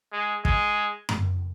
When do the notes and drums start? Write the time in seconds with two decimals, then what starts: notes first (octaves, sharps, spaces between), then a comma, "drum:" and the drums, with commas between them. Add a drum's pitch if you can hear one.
0.13 G#3
0.45 G#3, drum: kick
1.09 drum: tom F#2